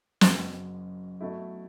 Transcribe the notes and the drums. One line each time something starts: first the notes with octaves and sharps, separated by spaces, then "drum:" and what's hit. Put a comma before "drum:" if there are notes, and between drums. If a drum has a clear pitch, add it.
F#1 F#2 F#3 C#4, drum: snare
B2 F#3 A3 E4